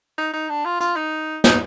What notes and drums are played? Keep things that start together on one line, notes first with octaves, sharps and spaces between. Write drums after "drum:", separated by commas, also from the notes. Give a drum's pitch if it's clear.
D#4
D#4
D4
F4
F4, drum: hi-hat
D#4
D#4, drum: snare